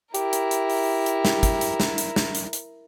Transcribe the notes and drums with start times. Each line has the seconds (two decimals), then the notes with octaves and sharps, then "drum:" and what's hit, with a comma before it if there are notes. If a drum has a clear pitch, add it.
0.15 E4 G4 A#4, drum: hi-hat
0.33 drum: hi-hat
0.51 drum: hi-hat
0.70 drum: open hi-hat
1.06 drum: hi-hat
1.25 drum: snare
1.43 drum: kick, hi-hat
1.61 drum: hi-hat
1.80 drum: snare
1.98 drum: hi-hat
2.16 drum: snare
2.35 drum: hi-hat
2.53 drum: hi-hat